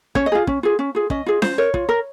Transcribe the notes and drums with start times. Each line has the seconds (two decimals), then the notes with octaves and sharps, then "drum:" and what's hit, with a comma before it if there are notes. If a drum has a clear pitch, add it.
0.15 C#4 C#5, drum: kick
0.26 D#5
0.32 F4 G#4
0.47 C#4, drum: kick
0.63 F4 G#4
0.79 C#4
0.95 F4 G#4
1.10 C#4 D#5, drum: kick
1.26 F4 G#4
1.42 F4 C5, drum: snare C#4
1.58 A#4 C#5
1.74 F4, drum: kick
1.89 A#4